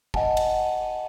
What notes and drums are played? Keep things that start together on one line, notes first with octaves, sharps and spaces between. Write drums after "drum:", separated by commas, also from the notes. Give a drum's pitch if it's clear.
D#5 F#5 G#5 A5, drum: kick
drum: cymbal